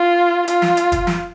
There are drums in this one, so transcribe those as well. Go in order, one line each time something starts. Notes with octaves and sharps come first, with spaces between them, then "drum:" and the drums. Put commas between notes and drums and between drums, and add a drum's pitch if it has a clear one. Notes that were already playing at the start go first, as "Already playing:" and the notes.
Already playing: F4
F4, drum: hi-hat
drum: snare
drum: hi-hat
drum: kick, hi-hat
drum: snare